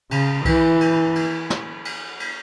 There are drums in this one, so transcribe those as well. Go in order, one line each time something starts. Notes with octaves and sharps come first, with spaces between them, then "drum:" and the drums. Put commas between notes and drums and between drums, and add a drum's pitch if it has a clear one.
C#3, drum: cymbal
E3, drum: kick C2, cymbal
drum: cymbal
drum: cymbal
drum: snare
drum: cymbal
drum: cymbal